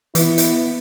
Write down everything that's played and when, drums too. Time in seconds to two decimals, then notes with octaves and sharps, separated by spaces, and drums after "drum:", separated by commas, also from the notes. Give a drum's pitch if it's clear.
0.15 E3 B3 E4, drum: hi-hat
0.38 drum: hi-hat